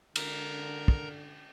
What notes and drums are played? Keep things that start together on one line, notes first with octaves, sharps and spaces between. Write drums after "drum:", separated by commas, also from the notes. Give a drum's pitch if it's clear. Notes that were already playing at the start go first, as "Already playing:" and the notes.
D3 A#4 A#5, drum: cymbal
drum: kick